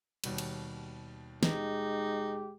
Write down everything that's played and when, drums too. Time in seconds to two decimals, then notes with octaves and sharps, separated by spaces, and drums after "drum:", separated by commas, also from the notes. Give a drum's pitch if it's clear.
0.24 D#2 B2 G3, drum: cymbal
0.38 drum: cymbal
1.43 G#3 D#4 G4, drum: snare